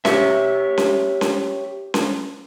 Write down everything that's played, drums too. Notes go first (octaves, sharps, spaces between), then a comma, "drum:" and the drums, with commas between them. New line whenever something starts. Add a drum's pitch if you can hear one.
G4 C#5 E5, drum: snare C#4
drum: snare C#4
drum: snare C#4
drum: snare C#4